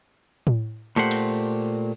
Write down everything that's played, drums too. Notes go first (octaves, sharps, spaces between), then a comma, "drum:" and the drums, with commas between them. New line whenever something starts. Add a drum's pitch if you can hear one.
drum: tom A2
A#2 A3 G4 C5 F#5
drum: cymbal